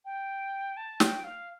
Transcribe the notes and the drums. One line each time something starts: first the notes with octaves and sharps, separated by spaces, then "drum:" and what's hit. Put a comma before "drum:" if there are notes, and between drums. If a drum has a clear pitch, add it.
G5
A5
G5, drum: snare
F5